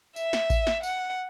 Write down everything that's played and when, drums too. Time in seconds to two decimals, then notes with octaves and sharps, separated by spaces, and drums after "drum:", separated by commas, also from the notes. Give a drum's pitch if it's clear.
0.16 E5, drum: tambourine
0.33 drum: snare
0.50 drum: kick A1, tambourine
0.67 drum: snare
0.83 F#5, drum: tambourine